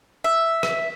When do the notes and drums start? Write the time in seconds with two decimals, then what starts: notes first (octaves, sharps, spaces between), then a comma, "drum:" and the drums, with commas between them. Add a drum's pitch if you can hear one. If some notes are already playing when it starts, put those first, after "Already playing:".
0.24 E5
0.63 drum: rim click